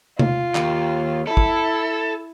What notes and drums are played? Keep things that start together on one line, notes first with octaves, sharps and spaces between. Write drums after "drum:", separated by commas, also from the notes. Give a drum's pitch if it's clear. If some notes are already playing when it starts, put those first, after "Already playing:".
F4, drum: tom C3
D#2, drum: clap
E4 A4
drum: kick